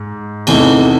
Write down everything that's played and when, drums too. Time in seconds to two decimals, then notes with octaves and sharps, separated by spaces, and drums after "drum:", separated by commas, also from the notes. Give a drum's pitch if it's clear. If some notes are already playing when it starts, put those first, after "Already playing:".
Already playing: G#2
0.47 E2 C3 E3 A3 D#4, drum: cymbal